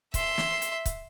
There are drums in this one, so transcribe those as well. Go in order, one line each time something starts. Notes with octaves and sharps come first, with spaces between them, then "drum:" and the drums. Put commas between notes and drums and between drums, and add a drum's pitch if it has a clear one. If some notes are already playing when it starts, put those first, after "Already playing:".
E5 C6, drum: kick C#1, hi-hat
drum: snare
drum: hi-hat
drum: kick C#1, hi-hat